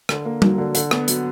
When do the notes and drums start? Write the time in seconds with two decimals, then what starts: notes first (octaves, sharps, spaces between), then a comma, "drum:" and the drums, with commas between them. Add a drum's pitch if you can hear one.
0.09 D3, drum: rim click
0.25 A#3
0.42 F#3, drum: tom G3
0.58 D3
0.75 D3, drum: hi-hat
0.91 B3, drum: rim click
1.08 F#3, drum: hi-hat